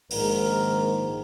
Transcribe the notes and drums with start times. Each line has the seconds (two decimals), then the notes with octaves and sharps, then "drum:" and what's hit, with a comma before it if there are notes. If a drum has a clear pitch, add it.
0.10 A#1 G#2 D#3 A#4, drum: open hi-hat